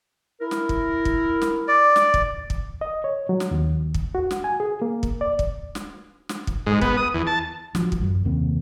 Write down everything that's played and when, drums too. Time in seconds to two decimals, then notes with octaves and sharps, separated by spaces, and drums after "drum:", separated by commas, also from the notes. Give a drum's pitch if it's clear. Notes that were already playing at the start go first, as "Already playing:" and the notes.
0.40 E4 A#4
0.51 drum: snare
0.69 drum: kick
1.05 drum: kick
1.42 drum: snare
1.68 D5
1.96 drum: snare
2.14 drum: kick
2.50 drum: kick
2.81 D#5
3.04 C#5
3.29 F#3
3.40 drum: snare
3.51 D#2
3.94 drum: kick
4.15 F#4
4.31 drum: snare
4.44 G#5
4.60 G#4
4.82 A#3
5.03 drum: kick
5.21 D5
5.39 drum: kick
5.75 drum: snare
6.29 drum: snare
6.47 drum: kick
6.66 G#2
6.81 B3, drum: kick
6.97 D#6
7.14 E2
7.27 A5
7.75 F3 F#3, drum: snare
7.92 drum: kick
8.01 F#2 F#3
8.25 D#2 C3 A#3 C4